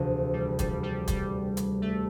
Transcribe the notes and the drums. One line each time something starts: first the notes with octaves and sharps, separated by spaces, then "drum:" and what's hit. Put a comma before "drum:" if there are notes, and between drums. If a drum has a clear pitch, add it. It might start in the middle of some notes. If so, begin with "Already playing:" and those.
Already playing: E1 D2 C3 F3
G3
G3, drum: kick, hi-hat
G3
G3, drum: kick, hi-hat
drum: hi-hat
A3